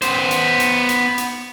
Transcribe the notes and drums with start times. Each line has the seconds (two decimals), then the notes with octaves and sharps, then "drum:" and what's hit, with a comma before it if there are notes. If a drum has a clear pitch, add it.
0.02 B3 C5, drum: hi-hat
0.31 drum: hi-hat
0.60 drum: hi-hat
0.89 drum: hi-hat
1.18 drum: hi-hat